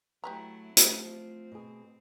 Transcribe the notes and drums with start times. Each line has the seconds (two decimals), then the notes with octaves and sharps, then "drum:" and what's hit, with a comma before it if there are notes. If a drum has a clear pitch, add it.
0.24 F#3 A3 E4 G4 B4 A#5
0.77 F3 A3 C4, drum: hi-hat
1.52 B2 G#4